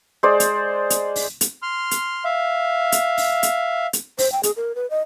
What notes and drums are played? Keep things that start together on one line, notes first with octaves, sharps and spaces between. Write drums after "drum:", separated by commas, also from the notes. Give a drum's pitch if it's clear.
G#3 C5 D5
drum: hi-hat
drum: hi-hat
drum: open hi-hat
drum: hi-hat
C6 F6
drum: hi-hat
E5 F5
drum: hi-hat
drum: open hi-hat
drum: hi-hat
drum: hi-hat
C5, drum: open hi-hat
G5
G#4, drum: hi-hat
A#4
B4
D#5